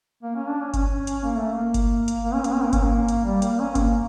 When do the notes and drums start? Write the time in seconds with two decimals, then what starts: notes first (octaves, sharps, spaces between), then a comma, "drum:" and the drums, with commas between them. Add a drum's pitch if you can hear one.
0.23 A#3
0.36 C#4
0.49 D4
0.61 C#4
0.74 C#4, drum: kick G1, hi-hat
1.07 drum: hi-hat
1.23 A#3
1.37 A3
1.52 A#3
1.74 drum: kick G1, hi-hat
2.08 drum: hi-hat
2.24 A#3
2.34 C#4
2.44 A#3, drum: hi-hat
2.54 C#4
2.63 A#3
2.73 C#4, drum: kick G1, hi-hat
2.83 A#3
3.08 drum: hi-hat
3.25 G3
3.42 A#3, drum: hi-hat
3.59 C#4
3.75 A#3, drum: kick G1, hi-hat